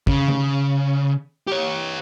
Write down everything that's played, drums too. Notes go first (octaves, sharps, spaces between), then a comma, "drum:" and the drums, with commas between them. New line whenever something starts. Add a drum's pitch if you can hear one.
C#3, drum: kick
drum: tom C#3
G4 C#5